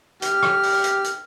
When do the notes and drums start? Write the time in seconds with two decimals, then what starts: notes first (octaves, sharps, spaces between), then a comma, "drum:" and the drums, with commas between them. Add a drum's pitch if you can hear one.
0.22 G4 F6, drum: hi-hat
0.43 drum: rim click
0.63 drum: open hi-hat
0.84 drum: hi-hat
1.04 drum: hi-hat